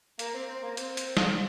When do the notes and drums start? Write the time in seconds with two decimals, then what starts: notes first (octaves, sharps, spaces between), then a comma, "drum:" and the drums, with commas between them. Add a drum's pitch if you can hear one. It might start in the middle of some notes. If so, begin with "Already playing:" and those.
0.19 A#3 A#4, drum: hi-hat
0.34 C4 C5
0.49 C4 C5
0.63 A#3 A#4
0.77 C4 C5, drum: hi-hat
0.97 drum: hi-hat
1.17 drum: snare